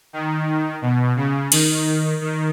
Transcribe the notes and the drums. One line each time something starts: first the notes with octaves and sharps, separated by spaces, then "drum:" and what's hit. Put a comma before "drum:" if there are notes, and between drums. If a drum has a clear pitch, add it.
D#3
B2
C#3
D#3, drum: cymbal
D#3